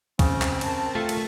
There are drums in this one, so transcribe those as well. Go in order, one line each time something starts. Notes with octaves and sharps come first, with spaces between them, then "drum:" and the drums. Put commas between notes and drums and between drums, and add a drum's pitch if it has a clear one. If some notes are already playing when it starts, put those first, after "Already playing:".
C#3 C4, drum: kick, cymbal
drum: clap
A#4 A5, drum: cymbal
A3 F4 A4
drum: cymbal